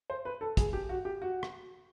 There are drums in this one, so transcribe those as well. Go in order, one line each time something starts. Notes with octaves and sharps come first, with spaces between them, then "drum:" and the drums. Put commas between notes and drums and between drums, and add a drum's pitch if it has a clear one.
C5
B4
A4
G#4, drum: kick, hi-hat
G4
F#4
G4
F#4
drum: rim click